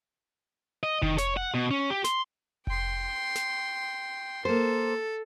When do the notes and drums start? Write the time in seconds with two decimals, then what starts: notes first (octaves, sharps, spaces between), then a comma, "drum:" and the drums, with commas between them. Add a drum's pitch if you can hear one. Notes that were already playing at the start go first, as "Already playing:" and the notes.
0.83 D#5
1.02 D#3, drum: kick F1
1.18 C#5, drum: snare
1.37 F#5
1.54 B2
1.71 C#4
1.90 G4
2.04 C6, drum: snare
2.67 G5 C6, drum: kick F1
3.35 drum: snare
4.45 A#3 A4 C5